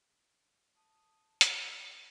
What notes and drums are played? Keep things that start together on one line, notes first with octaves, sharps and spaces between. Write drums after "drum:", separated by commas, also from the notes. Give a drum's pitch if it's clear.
A5 D#6
D#5, drum: hi-hat